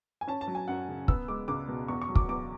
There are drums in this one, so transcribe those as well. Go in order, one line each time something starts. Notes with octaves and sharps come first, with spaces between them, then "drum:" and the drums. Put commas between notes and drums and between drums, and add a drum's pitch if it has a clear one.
G#5
C#4 A5
A5
F#3
G#5
F#2 F#5
C#3
B3 E6, drum: kick
G#3 D6
C#2 D6
B2
E2 C#6
C#6
F#3
D6, drum: kick
E2 D6